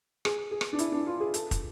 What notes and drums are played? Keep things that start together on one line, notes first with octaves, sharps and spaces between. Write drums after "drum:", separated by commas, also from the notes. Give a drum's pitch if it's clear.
G#4, drum: rim click
G#4
drum: rim click
D4
E4, drum: hi-hat
D4
F4
G#4
A4, drum: hi-hat
drum: kick, hi-hat